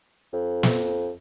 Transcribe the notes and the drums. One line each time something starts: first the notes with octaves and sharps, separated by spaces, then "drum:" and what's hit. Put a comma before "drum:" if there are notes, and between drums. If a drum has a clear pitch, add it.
F2
drum: snare